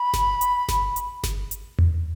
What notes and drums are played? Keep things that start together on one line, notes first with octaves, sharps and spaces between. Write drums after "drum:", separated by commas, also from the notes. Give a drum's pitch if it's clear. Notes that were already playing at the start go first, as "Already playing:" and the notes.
Already playing: B5
drum: snare G1
drum: hi-hat
drum: snare G1
drum: hi-hat
drum: snare G1
drum: hi-hat
drum: tom E2